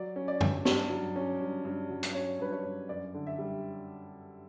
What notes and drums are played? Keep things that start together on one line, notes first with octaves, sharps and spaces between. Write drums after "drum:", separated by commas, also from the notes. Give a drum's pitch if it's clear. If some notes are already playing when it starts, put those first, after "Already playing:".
Already playing: F#3 D5
C#4
D5
G2, drum: tom
G2, drum: snare
F#3
C#4
G2
G2
F#3
drum: hi-hat
C#4 C#5
G2 B4
C#5
G2
F#2 D5
D3
E5
G3